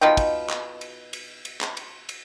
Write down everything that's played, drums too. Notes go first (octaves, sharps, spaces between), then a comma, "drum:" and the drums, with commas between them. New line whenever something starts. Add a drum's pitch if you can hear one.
B2 D#4 F4 G5
drum: kick, cymbal
drum: clap
drum: cymbal
drum: cymbal
drum: cymbal
drum: clap
drum: cymbal
drum: cymbal